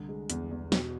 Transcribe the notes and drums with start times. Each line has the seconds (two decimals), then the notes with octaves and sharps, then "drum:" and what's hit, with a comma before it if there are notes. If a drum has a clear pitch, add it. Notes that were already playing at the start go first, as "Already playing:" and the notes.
Already playing: C2 D3
0.09 G#3
0.30 E2, drum: hi-hat
0.51 E2
0.72 B2, drum: snare